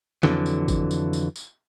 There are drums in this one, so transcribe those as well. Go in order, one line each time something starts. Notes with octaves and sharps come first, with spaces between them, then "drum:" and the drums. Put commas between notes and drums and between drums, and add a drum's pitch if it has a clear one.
F2 D3 E3 F#3, drum: snare
drum: tambourine
drum: kick, tambourine
drum: tambourine
drum: tambourine
drum: tambourine